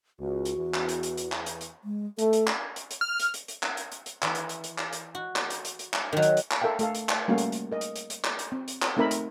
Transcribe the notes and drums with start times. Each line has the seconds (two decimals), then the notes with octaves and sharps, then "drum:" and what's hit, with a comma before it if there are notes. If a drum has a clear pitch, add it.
0.20 C#2 F#4
0.45 drum: hi-hat
0.57 E2 E3
0.74 drum: clap
0.89 drum: hi-hat
1.03 drum: hi-hat
1.18 drum: hi-hat
1.32 drum: clap
1.46 drum: hi-hat
1.61 drum: hi-hat
1.84 G#3
2.18 A3 A4, drum: hi-hat
2.33 drum: hi-hat
2.47 drum: clap
2.76 drum: hi-hat
2.91 drum: hi-hat
3.01 F6
3.19 drum: hi-hat
3.34 drum: hi-hat
3.48 drum: hi-hat
3.63 drum: clap
3.77 drum: hi-hat
3.92 drum: hi-hat
4.06 drum: hi-hat
4.22 E3, drum: clap
4.35 drum: hi-hat
4.49 drum: hi-hat
4.64 drum: hi-hat
4.78 drum: clap
4.93 drum: hi-hat
5.15 F#4
5.36 drum: clap
5.50 drum: hi-hat
5.65 drum: hi-hat
5.79 drum: hi-hat
5.94 drum: clap
6.13 D#3 F#3
6.22 drum: hi-hat
6.37 drum: hi-hat
6.51 drum: clap
6.62 A4 A#4 E5 F5 G5
6.79 A3 A4 F5, drum: hi-hat
6.95 drum: hi-hat
7.09 drum: clap
7.28 G3 A3 A#3 C#4 F#4 F5
7.38 drum: hi-hat
7.52 drum: hi-hat
7.72 A#4 D#5
7.81 drum: hi-hat
7.96 drum: hi-hat
8.10 drum: hi-hat
8.24 drum: clap
8.39 drum: hi-hat
8.52 C4
8.68 drum: hi-hat
8.82 drum: clap
8.97 A3 C4 D#4 A#4 E5 B5
9.11 drum: hi-hat